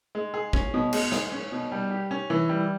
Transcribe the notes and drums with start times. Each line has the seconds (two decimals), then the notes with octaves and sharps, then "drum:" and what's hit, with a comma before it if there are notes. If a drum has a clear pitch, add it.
0.15 G#3
0.34 G#4
0.53 C#4, drum: kick
0.74 B2
0.93 G#3, drum: cymbal
1.12 G#4, drum: snare
1.32 C#4
1.52 B2
1.72 G3
1.90 G4
2.11 C#4
2.30 E3
2.49 G3